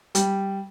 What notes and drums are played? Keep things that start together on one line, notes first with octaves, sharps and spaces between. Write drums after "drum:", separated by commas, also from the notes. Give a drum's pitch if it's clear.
G3, drum: hi-hat